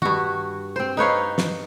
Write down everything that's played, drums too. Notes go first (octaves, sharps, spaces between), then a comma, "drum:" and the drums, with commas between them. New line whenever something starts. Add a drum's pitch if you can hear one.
G2 F#4, drum: tom
C4 C5
D#4 B4 C#5 F5
drum: snare